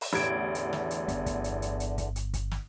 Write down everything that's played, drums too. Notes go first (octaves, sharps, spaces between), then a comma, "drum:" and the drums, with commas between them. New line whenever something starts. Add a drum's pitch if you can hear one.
drum: open hi-hat
A1 E2 D3 G#6 D7
drum: hi-hat
drum: snare
drum: hi-hat
G1, drum: hi-hat
drum: kick, hi-hat
drum: hi-hat
drum: hi-hat
drum: hi-hat
drum: kick, hi-hat
drum: hi-hat
drum: kick, hi-hat
drum: snare